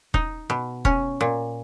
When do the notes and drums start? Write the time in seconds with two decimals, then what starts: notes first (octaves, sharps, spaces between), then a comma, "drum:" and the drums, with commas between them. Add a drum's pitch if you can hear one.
0.14 D#4, drum: kick
0.50 B2
0.85 C#4, drum: kick
1.21 A#2